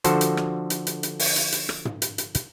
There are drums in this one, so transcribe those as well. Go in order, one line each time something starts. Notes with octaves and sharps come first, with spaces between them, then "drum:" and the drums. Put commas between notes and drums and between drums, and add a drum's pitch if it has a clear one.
D3 F3 F#4 A4 C5, drum: hi-hat
drum: hi-hat
drum: rim click
drum: hi-hat
drum: hi-hat
drum: hi-hat
drum: open hi-hat
drum: hi-hat
drum: hi-hat
drum: rim click
drum: tom
drum: hi-hat
drum: hi-hat
drum: hi-hat